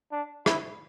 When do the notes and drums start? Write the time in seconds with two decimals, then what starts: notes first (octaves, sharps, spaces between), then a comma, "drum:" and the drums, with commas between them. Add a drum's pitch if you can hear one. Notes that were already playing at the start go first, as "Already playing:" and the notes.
0.12 D4
0.46 E4, drum: rim click